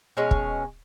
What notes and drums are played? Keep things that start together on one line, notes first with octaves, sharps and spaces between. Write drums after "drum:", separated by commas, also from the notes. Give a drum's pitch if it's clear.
B2 G#3 C#4
drum: kick